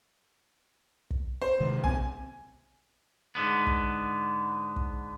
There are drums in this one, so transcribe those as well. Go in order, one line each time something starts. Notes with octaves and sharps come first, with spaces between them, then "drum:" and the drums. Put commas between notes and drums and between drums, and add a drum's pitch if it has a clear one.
drum: kick
C5
C3 D#3 G#3
B1 B3 C4 G#5, drum: kick
G#2 D3 B3
drum: kick
drum: kick